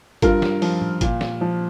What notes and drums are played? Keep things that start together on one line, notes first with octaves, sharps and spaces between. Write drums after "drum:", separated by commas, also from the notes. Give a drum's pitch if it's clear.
G2 F4 A#4, drum: kick G#1, hi-hat
drum: snare
F3, drum: open hi-hat
drum: tom
A#2, drum: kick G#1, hi-hat
drum: snare
F3